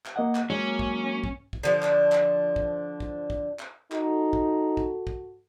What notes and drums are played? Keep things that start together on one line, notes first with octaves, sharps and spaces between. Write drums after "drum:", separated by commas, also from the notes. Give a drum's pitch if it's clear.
drum: clap
A#3 D#5 F#5
drum: clap
F#3 G#3 A#3 C#4
drum: kick
drum: kick
drum: kick
D3 F3 D4
drum: clap
drum: clap
drum: kick
drum: kick
drum: kick
drum: clap
D#4 F#4 A4, drum: clap
drum: kick
drum: kick
drum: kick